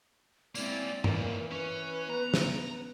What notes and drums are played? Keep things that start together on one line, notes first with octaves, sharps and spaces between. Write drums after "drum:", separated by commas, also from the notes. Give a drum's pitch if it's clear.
G#3 A#3 C4 C#4 E4 D5, drum: tambourine
D#2 A#2 E3 A#4, drum: tom
C#4 B4 C#5
B3 A#5
drum: snare